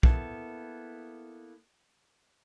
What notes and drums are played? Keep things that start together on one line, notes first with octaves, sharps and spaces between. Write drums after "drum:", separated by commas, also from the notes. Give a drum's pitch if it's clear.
A#3 B3 E4 A4, drum: kick